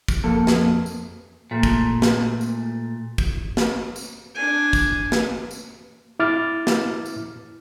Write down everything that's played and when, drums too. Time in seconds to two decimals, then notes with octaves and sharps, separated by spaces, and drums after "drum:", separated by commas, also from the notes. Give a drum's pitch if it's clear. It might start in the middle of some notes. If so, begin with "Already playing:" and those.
0.08 drum: kick, tambourine
0.23 F2 A#3 A4
0.47 drum: snare
0.86 drum: tambourine
1.51 A#2 A3
1.63 drum: kick, tambourine
2.02 drum: snare
2.41 drum: tambourine
3.18 drum: kick, tambourine
3.57 drum: snare
3.96 drum: tambourine
4.35 D4 G#5
4.73 drum: kick, tambourine
5.12 drum: snare
5.51 drum: tambourine
6.20 E4 D6 F6 A6
6.67 drum: snare
7.06 drum: tambourine